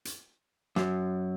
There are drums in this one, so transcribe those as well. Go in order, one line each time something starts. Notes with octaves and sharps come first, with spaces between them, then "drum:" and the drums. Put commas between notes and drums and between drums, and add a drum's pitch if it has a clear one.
drum: hi-hat
F#2, drum: snare